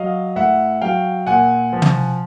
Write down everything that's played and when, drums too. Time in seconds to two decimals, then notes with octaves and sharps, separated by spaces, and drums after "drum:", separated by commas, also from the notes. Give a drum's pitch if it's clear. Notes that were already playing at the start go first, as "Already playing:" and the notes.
Already playing: F#3 D#5 F5
0.36 A2 E5 F#5
0.81 F#3 F5 G5
1.27 A#2 F#5 G#5
1.73 F3
1.82 drum: tom